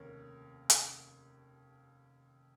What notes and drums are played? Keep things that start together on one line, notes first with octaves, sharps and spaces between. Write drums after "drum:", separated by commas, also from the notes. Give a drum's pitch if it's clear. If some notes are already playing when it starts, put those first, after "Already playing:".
Already playing: F1 D#2 C#3 A#4 C#5
drum: hi-hat